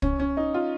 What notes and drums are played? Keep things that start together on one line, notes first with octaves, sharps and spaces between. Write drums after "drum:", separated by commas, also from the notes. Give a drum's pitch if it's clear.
C#4, drum: kick
C#4
D#4
F4